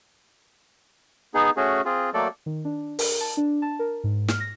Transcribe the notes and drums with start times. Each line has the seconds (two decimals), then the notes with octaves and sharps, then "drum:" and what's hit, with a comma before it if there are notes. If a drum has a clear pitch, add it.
1.34 B3 D#4 G#4
1.57 A3 C#4 F#4 G#4
1.85 C4 F4 G#4
2.14 F#3 A3 A#3 A4 D5
2.46 D#3
2.65 D4
2.99 A#4, drum: open hi-hat
3.21 A5
3.37 D4
3.62 A5
3.79 A#4
4.04 G#2
4.28 F6, drum: snare
4.40 A#6